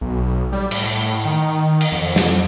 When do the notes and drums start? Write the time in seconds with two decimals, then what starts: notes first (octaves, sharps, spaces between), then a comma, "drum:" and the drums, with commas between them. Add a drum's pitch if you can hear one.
0.01 B1
0.52 G3
0.71 A2, drum: cymbal
1.25 D#3
1.81 drum: cymbal
1.92 F2
2.16 drum: snare